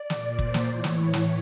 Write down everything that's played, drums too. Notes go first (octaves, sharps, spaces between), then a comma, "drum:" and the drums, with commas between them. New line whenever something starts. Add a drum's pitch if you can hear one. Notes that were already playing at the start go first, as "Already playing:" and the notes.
Already playing: D5
A#2, drum: snare
C5, drum: kick
drum: snare
A2 E3 C#5
drum: snare
drum: snare